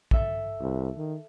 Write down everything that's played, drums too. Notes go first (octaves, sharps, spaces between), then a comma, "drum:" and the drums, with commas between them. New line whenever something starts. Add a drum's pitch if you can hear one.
A4 E5, drum: kick A#1
C2
D#3